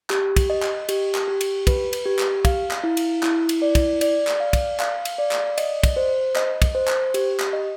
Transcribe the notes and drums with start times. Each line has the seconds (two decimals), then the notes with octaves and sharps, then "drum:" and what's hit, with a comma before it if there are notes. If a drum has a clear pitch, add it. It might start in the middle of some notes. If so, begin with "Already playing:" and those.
0.10 G4, drum: clap
0.36 drum: kick, cymbal
0.50 D#5
0.63 drum: clap
0.89 G4, drum: cymbal
1.15 drum: clap
1.28 G4
1.41 drum: cymbal
1.67 B4, drum: kick, cymbal
1.93 drum: cymbal
2.06 G4
2.19 drum: clap
2.45 F5, drum: kick, cymbal
2.71 drum: clap
2.84 E4
2.97 drum: cymbal
3.23 E4, drum: clap
3.49 drum: cymbal
3.62 D5
3.75 drum: kick, cymbal
4.01 D5, drum: cymbal
4.27 drum: clap
4.40 F5
4.53 drum: kick, cymbal
4.80 F5, drum: clap
5.05 drum: cymbal
5.18 D5
5.31 drum: clap
5.58 D#5, drum: cymbal
5.83 drum: kick, cymbal
5.96 C5
6.36 D#5, drum: clap
6.62 drum: kick, cymbal
6.75 C5
6.88 drum: clap
7.14 G4, drum: cymbal
7.40 drum: clap
7.53 D#5